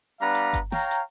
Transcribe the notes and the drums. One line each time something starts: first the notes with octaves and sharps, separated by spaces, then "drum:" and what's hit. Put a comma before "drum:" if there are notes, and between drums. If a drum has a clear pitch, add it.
G3 B3 D4 B4 F5 A#5
drum: hi-hat
drum: kick G1, hi-hat
C#5 F5 G5 A#5, drum: snare
drum: hi-hat